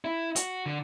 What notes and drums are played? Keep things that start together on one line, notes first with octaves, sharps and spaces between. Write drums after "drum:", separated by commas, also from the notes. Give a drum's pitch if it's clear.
E4
F#4, drum: hi-hat
D3